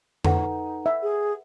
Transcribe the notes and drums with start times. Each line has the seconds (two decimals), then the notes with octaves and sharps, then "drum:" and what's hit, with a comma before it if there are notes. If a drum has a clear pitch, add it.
0.24 D#4 A4 B4 F#5, drum: tom F2
0.86 E5
1.02 G#4